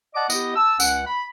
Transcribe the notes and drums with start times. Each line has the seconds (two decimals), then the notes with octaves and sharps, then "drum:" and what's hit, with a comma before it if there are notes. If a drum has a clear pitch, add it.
0.15 D5 D#5 F#5 A5 D6
0.30 B3 E4 G4 D#5, drum: tambourine
0.56 A5 E6
0.80 C#2 C#4 F#5, drum: tambourine
1.07 B5